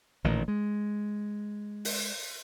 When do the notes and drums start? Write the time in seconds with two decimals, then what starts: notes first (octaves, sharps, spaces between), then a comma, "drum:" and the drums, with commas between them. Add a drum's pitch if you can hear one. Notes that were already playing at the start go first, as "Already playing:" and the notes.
0.24 A1 A#2 D#3
0.48 G#3
1.85 drum: open hi-hat